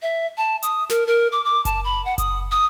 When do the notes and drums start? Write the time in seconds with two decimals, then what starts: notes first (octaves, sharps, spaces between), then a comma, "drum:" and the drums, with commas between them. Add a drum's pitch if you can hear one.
0.02 E5
0.37 A5
0.63 D#6, drum: hi-hat
0.89 A#4, drum: snare
1.07 A#4
1.32 D6
1.45 D6
1.65 A5, drum: kick F#1, hi-hat
1.85 B5
2.05 F#5
2.18 D#6, drum: kick F#1, hi-hat
2.52 D#6